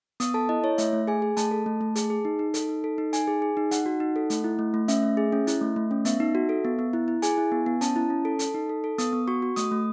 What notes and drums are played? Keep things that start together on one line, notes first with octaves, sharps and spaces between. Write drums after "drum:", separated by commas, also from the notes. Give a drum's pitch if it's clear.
B3 D#6, drum: hi-hat
A4 A5
E4 D#5
E4 C#5
A3 E5, drum: hi-hat
A3
G#4 G#5
G#4
A3 A5, drum: hi-hat
A4
A3
A3
G#4, drum: hi-hat
G#4
D#4
D#4
A4, drum: hi-hat
D#4
A4
D#4
D#4 G#5, drum: hi-hat
G#4
G#4
D#4
D#4 F#5, drum: hi-hat
F#4
D#4
A4
A3, drum: hi-hat
E4
A3
A3
C#4 E5, drum: hi-hat
A3
G#4
C#4
E4, drum: hi-hat
A3
A3
C#4
B3 E5, drum: hi-hat
D#4
F#4
A4
B3
B3
E4
E4
G#4 G#5, drum: hi-hat
E4
B3
B3
C#4 A5, drum: hi-hat
E4
C#4
A4
A4, drum: hi-hat
D#4
A4
A4
B3 D#6, drum: hi-hat
B3
F#4 C#6
F#4
A3 D#6, drum: hi-hat
A3